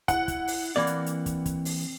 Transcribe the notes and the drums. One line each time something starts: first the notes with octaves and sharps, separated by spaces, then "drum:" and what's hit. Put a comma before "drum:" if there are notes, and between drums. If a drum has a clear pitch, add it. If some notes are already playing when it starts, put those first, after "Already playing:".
E4 F#5, drum: kick, hi-hat
drum: kick, hi-hat
drum: open hi-hat
E3 A#3 C4 D5
drum: hi-hat
drum: hi-hat
drum: kick, hi-hat
drum: kick, hi-hat
drum: open hi-hat